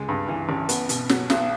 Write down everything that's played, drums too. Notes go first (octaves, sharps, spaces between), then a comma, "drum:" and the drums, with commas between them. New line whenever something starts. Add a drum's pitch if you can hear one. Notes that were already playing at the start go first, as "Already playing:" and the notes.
Already playing: C#2 G#3
G2
E3
A1
B3, drum: hi-hat
B2, drum: hi-hat
F#3, drum: snare
B1, drum: snare